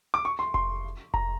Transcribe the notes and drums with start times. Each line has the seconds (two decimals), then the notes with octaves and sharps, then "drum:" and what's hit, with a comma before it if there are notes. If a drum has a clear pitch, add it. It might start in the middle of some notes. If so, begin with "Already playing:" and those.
0.14 D6
0.25 C#6
0.39 C6
0.54 C6, drum: kick F1
1.14 A#5, drum: kick F1